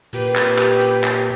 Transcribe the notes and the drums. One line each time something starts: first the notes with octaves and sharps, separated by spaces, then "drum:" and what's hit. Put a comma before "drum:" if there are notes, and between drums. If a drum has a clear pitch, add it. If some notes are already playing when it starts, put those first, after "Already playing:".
A#2 G4 B4, drum: open hi-hat
drum: clap
drum: clap
drum: hi-hat
drum: clap